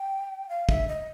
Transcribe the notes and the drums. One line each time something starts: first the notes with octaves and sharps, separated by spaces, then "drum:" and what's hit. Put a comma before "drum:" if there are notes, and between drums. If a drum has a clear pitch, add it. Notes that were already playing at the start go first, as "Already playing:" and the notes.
Already playing: G5
F5
E5, drum: kick
D#5